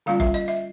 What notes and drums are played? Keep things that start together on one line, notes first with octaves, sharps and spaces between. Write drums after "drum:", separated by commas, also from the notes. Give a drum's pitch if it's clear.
D3 G3 A#3 C#4 F4 F5
E5, drum: kick F#1
D#5
E5